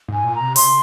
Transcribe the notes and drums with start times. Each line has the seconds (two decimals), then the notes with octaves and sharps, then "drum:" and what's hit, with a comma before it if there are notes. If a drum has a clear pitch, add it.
0.08 G#2 G#5
0.24 A#2
0.35 A#5
0.41 C3
0.56 C#3 C6, drum: open hi-hat